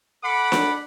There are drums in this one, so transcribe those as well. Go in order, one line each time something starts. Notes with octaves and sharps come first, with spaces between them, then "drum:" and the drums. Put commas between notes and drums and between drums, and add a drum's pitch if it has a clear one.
A4 F#5 B5 D6
drum: snare D4